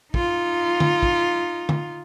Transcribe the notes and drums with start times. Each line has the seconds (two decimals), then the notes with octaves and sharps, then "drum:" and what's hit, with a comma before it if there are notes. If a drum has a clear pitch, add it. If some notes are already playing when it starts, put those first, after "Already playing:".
0.14 D#4 F4, drum: kick
0.80 drum: tom D3
1.02 drum: kick
1.69 drum: tom D3